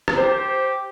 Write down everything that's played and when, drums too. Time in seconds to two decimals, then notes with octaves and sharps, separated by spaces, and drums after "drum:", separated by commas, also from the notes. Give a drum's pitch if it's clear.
0.08 drum: rim click
0.18 G4 C5